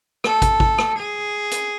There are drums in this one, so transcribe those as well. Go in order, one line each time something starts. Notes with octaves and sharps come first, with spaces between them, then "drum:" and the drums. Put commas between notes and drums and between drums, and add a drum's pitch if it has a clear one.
A4, drum: rim click
drum: kick, hi-hat
drum: kick
drum: rim click
G#4
drum: hi-hat